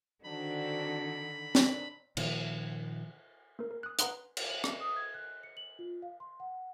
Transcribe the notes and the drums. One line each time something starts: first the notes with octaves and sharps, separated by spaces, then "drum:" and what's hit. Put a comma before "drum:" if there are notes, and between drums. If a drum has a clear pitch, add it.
D3 D#3 C4 D4 F#4 B5
D#3 C4 D4, drum: snare
A#2 D#3 F3 A#3, drum: cymbal
A#3 A#4
A#4
D#6 F#6
B4 F#5 A#5 C6 D#6 F#6, drum: hi-hat
drum: cymbal
F#7
drum: rim click
D#6
G#6
F#6
C#7
F#7
F4
F5
C6
F#5